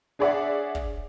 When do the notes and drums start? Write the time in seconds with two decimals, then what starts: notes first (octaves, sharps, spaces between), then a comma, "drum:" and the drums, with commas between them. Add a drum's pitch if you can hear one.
0.19 D4 G#4 C#5 D5 E5 F#5
0.75 drum: kick